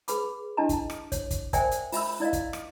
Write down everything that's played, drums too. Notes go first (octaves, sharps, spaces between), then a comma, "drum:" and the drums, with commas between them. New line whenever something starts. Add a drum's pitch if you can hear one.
G#4 B4 B5 D6, drum: hi-hat
D4 E4 G4 D#5 A5 A#5
drum: kick, hi-hat
drum: rim click
C#5, drum: kick, hi-hat
drum: kick, hi-hat
A#4 C5 D5 E5 G5 G#5, drum: kick, hi-hat
drum: hi-hat
F4 E5 B5 E6, drum: open hi-hat
E4 D5 D#5 F5
drum: kick, hi-hat
drum: rim click